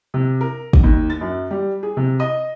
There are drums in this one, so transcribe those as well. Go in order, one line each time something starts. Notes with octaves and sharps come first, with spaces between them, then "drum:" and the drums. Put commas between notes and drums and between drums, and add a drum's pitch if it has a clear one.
C3
A#4
drum: kick
D#2
A6
F#2
G3
G#4
C3
D#5